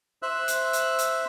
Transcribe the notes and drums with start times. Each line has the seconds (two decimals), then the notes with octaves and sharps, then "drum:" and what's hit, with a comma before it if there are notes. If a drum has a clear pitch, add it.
0.22 C5 E5 E6 F#6
0.48 drum: hi-hat
0.73 drum: hi-hat
0.99 drum: hi-hat